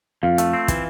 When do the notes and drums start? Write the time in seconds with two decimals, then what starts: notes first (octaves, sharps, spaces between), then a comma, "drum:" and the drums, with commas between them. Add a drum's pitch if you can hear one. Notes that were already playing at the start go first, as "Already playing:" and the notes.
0.23 F2 F4
0.38 A3, drum: hi-hat
0.53 C4
0.68 E3, drum: kick, hi-hat